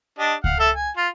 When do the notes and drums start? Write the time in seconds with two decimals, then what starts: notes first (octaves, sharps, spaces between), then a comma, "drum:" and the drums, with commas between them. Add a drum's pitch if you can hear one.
0.19 D4 G4 D#5
0.44 F5 F#5, drum: kick C#2
0.60 A4 E5
0.75 G#5
0.97 F4